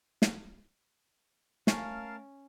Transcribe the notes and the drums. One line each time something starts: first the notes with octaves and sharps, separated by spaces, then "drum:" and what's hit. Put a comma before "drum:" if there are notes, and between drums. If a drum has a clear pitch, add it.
drum: snare
A3 C#4 A#4 F5 A5, drum: snare